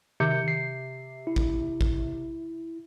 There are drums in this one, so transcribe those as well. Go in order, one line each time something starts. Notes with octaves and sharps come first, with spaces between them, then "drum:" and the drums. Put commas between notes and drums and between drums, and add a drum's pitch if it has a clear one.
C3 D#3 G6 C#7
C7
E4
drum: kick
drum: kick